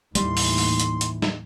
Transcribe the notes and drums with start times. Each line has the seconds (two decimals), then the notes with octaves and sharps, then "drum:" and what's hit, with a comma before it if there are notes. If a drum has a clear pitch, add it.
0.15 D#2 A2 E3 G3 C6, drum: hi-hat
0.37 drum: open hi-hat
0.58 drum: open hi-hat
0.80 drum: hi-hat
1.01 drum: hi-hat
1.22 drum: snare